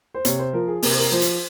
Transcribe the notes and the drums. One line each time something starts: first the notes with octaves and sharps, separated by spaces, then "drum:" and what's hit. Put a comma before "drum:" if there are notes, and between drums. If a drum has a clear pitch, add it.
C5
C3 C#5, drum: hi-hat
C5
F3 A#4
G#4
C3 A#4, drum: open hi-hat
C5
A#4
F3 C5
drum: hi-hat